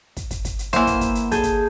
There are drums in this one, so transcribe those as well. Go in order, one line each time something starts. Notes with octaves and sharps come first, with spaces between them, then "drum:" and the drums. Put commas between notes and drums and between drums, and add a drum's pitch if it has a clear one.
drum: kick, hi-hat
drum: kick, hi-hat
drum: kick, hi-hat
drum: hi-hat
E3 A#3 C5 E5 F#5, drum: kick, hi-hat
drum: kick, hi-hat
drum: kick, hi-hat
drum: hi-hat
G#4 A5 G6, drum: kick, hi-hat
drum: kick, hi-hat